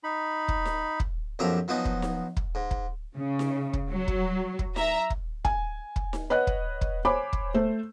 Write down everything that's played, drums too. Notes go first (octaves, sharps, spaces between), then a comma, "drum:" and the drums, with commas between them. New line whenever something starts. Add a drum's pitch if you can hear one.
D#4 B5
drum: kick
drum: snare D#4
drum: kick
B1 F#2 F3 G4 E5 A#5
F3 F#3 B3 D#4 G#5
drum: kick
drum: snare D#4
drum: kick
G#2
drum: kick
C#3
drum: snare D#4
drum: kick
F#3
drum: kick
drum: kick
E5 A#5, drum: snare D#4
drum: kick
G#5, drum: kick
drum: kick
drum: snare D#4
B4 C#5 D#5 F#5 F#6
drum: kick
drum: kick
C5 C#5 G#5 B5 D6
drum: kick
A3 C5